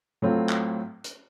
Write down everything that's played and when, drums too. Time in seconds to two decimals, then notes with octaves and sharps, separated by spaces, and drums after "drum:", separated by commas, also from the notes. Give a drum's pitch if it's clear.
0.22 A2 F#3 A3 C4 F4
0.49 drum: clap
1.04 drum: hi-hat